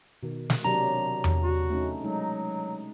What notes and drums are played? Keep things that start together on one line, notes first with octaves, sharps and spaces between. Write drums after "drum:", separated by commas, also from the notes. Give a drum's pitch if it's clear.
B2 D#3
drum: snare
C3 F#3 D4 A#5
drum: tom E2
F#4
A3 C#4 D#4
F#3 G#3 D#4